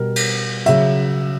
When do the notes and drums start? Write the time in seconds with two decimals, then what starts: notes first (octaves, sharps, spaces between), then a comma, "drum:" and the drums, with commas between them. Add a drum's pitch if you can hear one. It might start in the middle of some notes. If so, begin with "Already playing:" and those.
Already playing: B2 G3 A#4
0.16 drum: cymbal
0.66 C#3 F#3 E5, drum: hi-hat